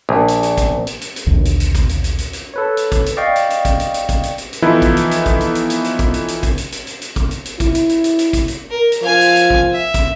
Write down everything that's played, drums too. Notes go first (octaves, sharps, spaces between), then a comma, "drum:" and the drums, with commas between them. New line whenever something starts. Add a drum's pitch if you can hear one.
A#1
drum: hi-hat
drum: hi-hat
drum: kick, hi-hat
drum: hi-hat
drum: hi-hat
drum: hi-hat
A#1 D#2 B2 D3
drum: hi-hat
drum: hi-hat
drum: kick, hi-hat
drum: hi-hat
drum: hi-hat
drum: hi-hat
drum: hi-hat
A4 B4 C#5
drum: hi-hat
drum: kick, hi-hat
drum: hi-hat
D5 D#5 F5 G5 C#6
drum: hi-hat
drum: hi-hat
drum: kick, hi-hat
drum: hi-hat
drum: hi-hat
drum: kick, hi-hat
drum: hi-hat
drum: hi-hat
drum: hi-hat
E3 F3 B3 D#4 E4 A4
drum: kick, hi-hat
drum: hi-hat
drum: hi-hat
drum: kick, hi-hat
drum: hi-hat
drum: hi-hat
drum: hi-hat
drum: hi-hat
drum: kick, hi-hat
drum: hi-hat
drum: hi-hat
drum: kick, hi-hat
drum: hi-hat
drum: hi-hat
drum: hi-hat
drum: hi-hat
drum: kick, hi-hat
drum: hi-hat
drum: hi-hat
E4, drum: kick, hi-hat
drum: hi-hat
drum: hi-hat
drum: hi-hat
drum: hi-hat
drum: kick, hi-hat
drum: hi-hat
A#4
drum: hi-hat
F3 F5 G#5
drum: hi-hat
drum: hi-hat
drum: kick
E5
drum: kick, hi-hat